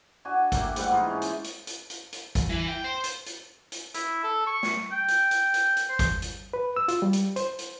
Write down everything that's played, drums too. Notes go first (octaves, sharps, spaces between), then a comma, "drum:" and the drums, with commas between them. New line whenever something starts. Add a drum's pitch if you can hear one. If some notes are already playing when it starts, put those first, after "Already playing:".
D4 F#4 G#5
A3 A#3 G4, drum: kick G#1, hi-hat
G#2 G3 F#5, drum: hi-hat
E3 D#4 F4
C#4
drum: hi-hat
drum: hi-hat
drum: hi-hat
drum: hi-hat
drum: hi-hat
drum: kick G#1, hi-hat
E3
G5
C5
drum: hi-hat
drum: hi-hat
drum: hi-hat
E4, drum: hi-hat
A4
C#6
drum: snare
G5
drum: hi-hat
drum: hi-hat
drum: hi-hat
drum: hi-hat
C5
drum: kick G#1, hi-hat
drum: hi-hat
B4
E6
F4, drum: hi-hat
G3
drum: hi-hat
C5, drum: hi-hat
drum: hi-hat